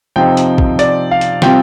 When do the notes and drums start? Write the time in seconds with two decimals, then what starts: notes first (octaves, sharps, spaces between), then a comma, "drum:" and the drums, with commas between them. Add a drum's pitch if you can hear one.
0.16 C3 F3 C4 D#4 G5
0.37 drum: hi-hat
0.58 drum: kick
0.79 D5, drum: hi-hat
1.11 F5
1.21 drum: hi-hat
1.42 C3 G3 C4 F4 G5, drum: snare